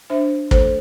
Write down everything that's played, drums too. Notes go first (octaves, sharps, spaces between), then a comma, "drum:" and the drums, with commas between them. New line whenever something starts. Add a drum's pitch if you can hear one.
D4 C5 E5
A3 A4 C5, drum: kick